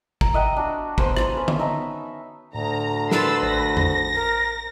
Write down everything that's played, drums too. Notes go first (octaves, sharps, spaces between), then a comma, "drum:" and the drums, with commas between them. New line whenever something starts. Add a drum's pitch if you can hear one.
A#5, drum: kick
D#5 E5 F#5 G5
D4 F#4
B3 C5 G#5 C6, drum: kick
drum: rim click
C#4 B4
drum: tom D3
D#4 E5 A5 E6
D2 A2 A#5
A#4 B4 C6 E6 A6, drum: snare
A1 C5 A#6
drum: tom E2
A#4